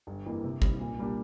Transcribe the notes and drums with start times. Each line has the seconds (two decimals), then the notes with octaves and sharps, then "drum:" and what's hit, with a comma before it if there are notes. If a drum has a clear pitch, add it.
0.07 G1
0.26 F2 E3 A#3
0.44 C3
0.62 G3 C4, drum: kick
0.80 A#2
0.99 G3 A#3 D4 G4